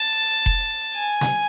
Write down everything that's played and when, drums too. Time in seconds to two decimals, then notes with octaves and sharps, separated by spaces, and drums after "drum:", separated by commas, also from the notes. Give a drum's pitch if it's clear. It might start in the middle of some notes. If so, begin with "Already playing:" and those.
Already playing: A5
0.46 drum: kick F1
0.96 G#5
1.21 drum: snare